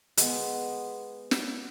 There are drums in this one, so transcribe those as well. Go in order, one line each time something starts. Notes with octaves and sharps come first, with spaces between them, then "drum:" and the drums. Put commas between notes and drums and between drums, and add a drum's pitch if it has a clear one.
G#3 B3, drum: hi-hat
drum: snare